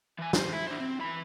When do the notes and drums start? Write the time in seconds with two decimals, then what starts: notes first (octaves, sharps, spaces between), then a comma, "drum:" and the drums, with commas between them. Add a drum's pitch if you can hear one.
0.18 E3 G#5
0.33 B1 C5, drum: snare
0.53 E4
0.67 D4 C5
0.80 C4
0.99 E3 B5